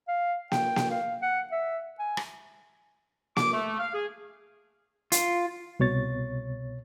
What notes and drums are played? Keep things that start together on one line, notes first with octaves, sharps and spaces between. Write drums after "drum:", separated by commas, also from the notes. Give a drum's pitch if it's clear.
F5
G5, drum: snare A#3
drum: snare A#3
F5
F#5
E5
G#5
drum: rim click
D6, drum: snare A#3
A3
F5
G#4
F4, drum: hi-hat
C2 B2 C#5 A6